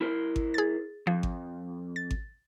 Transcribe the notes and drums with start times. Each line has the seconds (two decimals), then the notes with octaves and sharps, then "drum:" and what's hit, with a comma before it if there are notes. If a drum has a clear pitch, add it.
0.01 E4 A#4 C5
0.36 drum: kick G#1
0.54 G#4 A6
1.07 F2 F3
1.23 drum: kick G#1
1.96 A6
2.11 drum: kick G#1